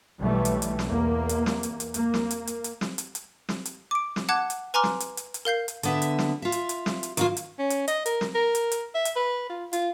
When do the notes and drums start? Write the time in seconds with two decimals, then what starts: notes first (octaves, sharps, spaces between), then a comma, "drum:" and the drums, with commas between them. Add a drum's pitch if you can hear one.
0.19 B1 E3 G3 A3
0.45 drum: hi-hat
0.62 drum: hi-hat
0.79 drum: snare
0.88 E2 A#3
1.29 drum: hi-hat
1.46 drum: snare
1.63 drum: hi-hat
1.80 drum: hi-hat
1.94 A#3, drum: hi-hat
2.14 drum: snare
2.31 drum: hi-hat
2.47 drum: hi-hat
2.64 drum: hi-hat
2.81 drum: snare
2.98 drum: hi-hat
3.15 drum: hi-hat
3.49 drum: snare
3.65 drum: hi-hat
3.91 D6 D7
4.16 drum: snare
4.29 F#5 A5 D6 F#6 G#6
4.50 drum: hi-hat
4.74 B4 G#5 A#5 C6 D6 F6
4.84 drum: snare
5.00 drum: hi-hat
5.17 drum: hi-hat
5.34 drum: hi-hat
5.45 A#4 F5 G6 C7
5.68 drum: hi-hat
5.83 D3 B3 E5, drum: hi-hat
6.02 drum: hi-hat
6.18 drum: snare
6.42 F4 E5
6.52 drum: hi-hat
6.69 drum: hi-hat
6.86 drum: snare
7.03 drum: hi-hat
7.17 D#3 A#3 F4, drum: hi-hat
7.37 drum: hi-hat
7.59 C#4
7.70 drum: hi-hat
7.88 D#5, drum: hi-hat
8.06 A#4, drum: hi-hat
8.21 drum: snare
8.35 A#4
8.55 drum: hi-hat
8.72 drum: hi-hat
8.95 E5
9.05 drum: hi-hat
9.16 B4
9.50 F4
9.73 F4, drum: hi-hat